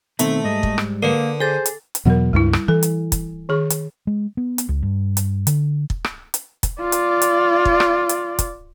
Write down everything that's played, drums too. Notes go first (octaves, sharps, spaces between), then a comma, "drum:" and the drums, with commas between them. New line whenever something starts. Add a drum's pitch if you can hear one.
B2 D#3 A3 C4, drum: hi-hat
G#2 G3 G#3 D#5
drum: kick
drum: rim click
D3 A#3 A#4 B4
G#4 A4 C5 A6
drum: hi-hat
drum: hi-hat
E2 B2 F#3 A#4 F#5
C#2 G2 G3 E4
drum: rim click
E3 A4
drum: hi-hat
drum: kick, hi-hat
D#3 G#4 C#6
drum: hi-hat
G#3
B3
drum: hi-hat
C#2
G2
drum: hi-hat
D3, drum: hi-hat
drum: kick
drum: rim click
drum: hi-hat
drum: kick, hi-hat
F4 D5
drum: hi-hat
drum: hi-hat
drum: kick
drum: rim click
drum: hi-hat
drum: kick, hi-hat